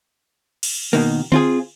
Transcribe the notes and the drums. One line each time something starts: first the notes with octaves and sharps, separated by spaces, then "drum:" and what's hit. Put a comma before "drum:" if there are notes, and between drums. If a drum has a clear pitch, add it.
drum: cymbal
B2 D#3 A#3
C4 F4 G#4, drum: tom D3